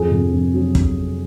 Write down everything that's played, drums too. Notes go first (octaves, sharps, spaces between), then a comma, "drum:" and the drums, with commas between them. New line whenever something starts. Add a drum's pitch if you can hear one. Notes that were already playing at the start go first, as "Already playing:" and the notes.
Already playing: F2 G#4
C3
F2
F#3
drum: kick